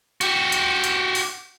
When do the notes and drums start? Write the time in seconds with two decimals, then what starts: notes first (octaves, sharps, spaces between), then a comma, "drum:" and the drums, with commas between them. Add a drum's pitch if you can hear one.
0.21 F#4 G4, drum: hi-hat
0.52 drum: hi-hat
0.84 drum: hi-hat
1.15 drum: open hi-hat